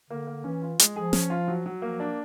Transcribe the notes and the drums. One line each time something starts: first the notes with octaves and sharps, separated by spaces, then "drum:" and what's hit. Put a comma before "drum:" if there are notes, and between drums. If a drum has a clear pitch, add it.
D3 A#3
A#3
E3 C#4
F4
G#3, drum: hi-hat
F3 G#4
C#4, drum: snare
F4
F#3
F#3
F3 A#3
D4